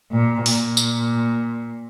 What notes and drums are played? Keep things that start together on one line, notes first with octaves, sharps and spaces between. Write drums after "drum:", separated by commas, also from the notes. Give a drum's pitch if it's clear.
A#2
A#2, drum: open hi-hat
drum: tambourine